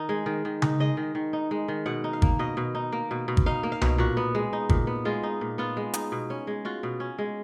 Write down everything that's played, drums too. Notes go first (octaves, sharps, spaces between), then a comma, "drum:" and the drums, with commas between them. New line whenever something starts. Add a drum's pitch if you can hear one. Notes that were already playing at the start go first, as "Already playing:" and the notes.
Already playing: D#3 D#4
G#3
D#3
D#3
D#4, drum: tom C#3
G#3 D#5
D#3
D#3
D#4
G#3
D#3
B2 F#5
D#4
F5
A#3, drum: kick
B2 D#5
B2
D#4
A#3
B2
B2
drum: kick
D#4 F5
A#3
F5
B2, drum: tom C2
A#2 F#4
B3
G#3
D#4
A#2, drum: kick
B3
G#3 F4
D#4
A#2
B3 F4
G#3
D#4, drum: hi-hat
B2
C#4
G#3
F4 F#4
B2
C#4
G#3